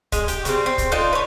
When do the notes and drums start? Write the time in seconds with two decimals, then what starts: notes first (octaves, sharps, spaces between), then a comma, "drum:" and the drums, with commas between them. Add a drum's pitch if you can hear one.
0.12 G#3, drum: kick, hi-hat
0.28 G4, drum: hi-hat
0.45 C#3 G3 C4, drum: hi-hat
0.66 C4
0.78 drum: kick, hi-hat
0.92 D4 D#4 F4 A4
1.13 B4 C#5